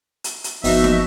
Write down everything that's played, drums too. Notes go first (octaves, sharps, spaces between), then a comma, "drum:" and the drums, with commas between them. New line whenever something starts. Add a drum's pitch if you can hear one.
drum: hi-hat
drum: hi-hat
G1 F3 B3 D#4 F#4 D#5 E5, drum: open hi-hat
drum: snare